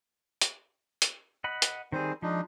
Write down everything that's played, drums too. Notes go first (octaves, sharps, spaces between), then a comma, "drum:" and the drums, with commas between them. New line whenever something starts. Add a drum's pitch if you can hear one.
drum: hi-hat
drum: hi-hat
D#5 F#5 B5
drum: hi-hat
D#3 G3 C4 G#4 C5
F3 G#3 D4 D#4